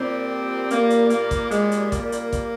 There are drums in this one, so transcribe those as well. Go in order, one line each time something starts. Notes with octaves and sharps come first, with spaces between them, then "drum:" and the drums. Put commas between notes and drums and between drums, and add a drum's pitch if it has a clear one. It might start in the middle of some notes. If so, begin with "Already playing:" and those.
Already playing: A#2 G3 C4
A#3, drum: hi-hat
drum: hi-hat
A#3, drum: hi-hat
drum: kick G#1, hi-hat
G#3, drum: hi-hat
drum: hi-hat
A#3, drum: kick G#1, hi-hat
drum: hi-hat
drum: kick G#1, hi-hat